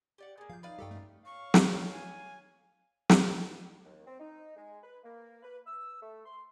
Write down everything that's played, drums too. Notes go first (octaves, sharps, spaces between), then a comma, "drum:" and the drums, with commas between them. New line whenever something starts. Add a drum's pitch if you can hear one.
G4 D5 F#5
A#3 B3 G#4
F3 F5 G6
D#4 B4 D5 F5 B5
G2 G3 G4 A4 G5
F#2 A3
C#5 F5 C#6
drum: snare
G#5
drum: snare
D#2
C4
D#4
G#3
B4
A#3
B4
E6
A3
C6